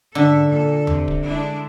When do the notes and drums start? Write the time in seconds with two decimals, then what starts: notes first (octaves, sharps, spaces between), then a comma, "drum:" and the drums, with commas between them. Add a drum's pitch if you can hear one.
0.15 G#2 D3 A4 E5
0.48 A#2 A4
0.87 C3, drum: tom E2
1.08 drum: kick
1.23 G#3 D4 E4